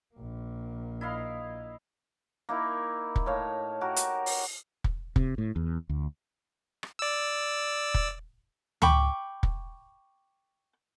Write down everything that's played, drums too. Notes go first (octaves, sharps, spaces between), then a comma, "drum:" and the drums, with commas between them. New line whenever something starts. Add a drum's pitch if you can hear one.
A#1 A#3
E4 D#5 F5
A#3 D#4 E4
drum: kick
A2 C#5 F5
F#4 G4 A#4
drum: hi-hat
drum: open hi-hat
drum: kick
C3, drum: kick
A2
E2
D2
drum: rim click
D5 E6
drum: kick
G5 B5 C#6 D6, drum: tom C#2
drum: kick